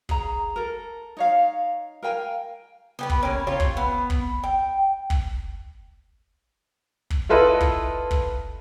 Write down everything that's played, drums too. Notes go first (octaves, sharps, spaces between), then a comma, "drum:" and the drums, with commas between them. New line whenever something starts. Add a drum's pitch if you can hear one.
G#4 A#5, drum: kick
A4 A#4
D#4 C#5 F5
A#4 F5 G5 G#5
B3 G4 B4
drum: kick
A#3 C#4
F4 G4 C#5
drum: kick
B3
drum: kick
G5
drum: kick
drum: kick
E4 F4 A4 B4 D#5
drum: kick
drum: kick